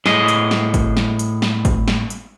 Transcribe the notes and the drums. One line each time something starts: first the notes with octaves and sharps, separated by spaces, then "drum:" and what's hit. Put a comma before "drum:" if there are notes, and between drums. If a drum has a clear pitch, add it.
A2 G#4 D#5, drum: snare
drum: hi-hat
drum: snare
drum: kick G#1, hi-hat
drum: snare
drum: hi-hat
drum: snare
drum: kick G#1, hi-hat
drum: snare
drum: hi-hat